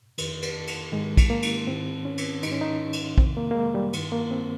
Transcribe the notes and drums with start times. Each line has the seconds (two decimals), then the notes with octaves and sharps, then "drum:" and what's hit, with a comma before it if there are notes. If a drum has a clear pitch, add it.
0.18 F2 D#3, drum: cymbal
0.42 drum: cymbal
0.67 drum: cymbal
0.92 G#2 D#3 G#3
1.17 drum: kick, cymbal
1.30 A#3
1.42 drum: cymbal
1.67 G#2 D#3 C4
2.05 C#4
2.18 drum: cymbal
2.43 G#2 D#3 D#4, drum: cymbal
2.52 C#4
2.61 D#4
2.93 drum: cymbal
3.18 F2 C3 D#3 C4, drum: kick
3.37 A#3
3.51 A#3
3.55 G#3
3.74 G3
3.93 G2 D#3, drum: cymbal
4.12 A#3
4.31 C4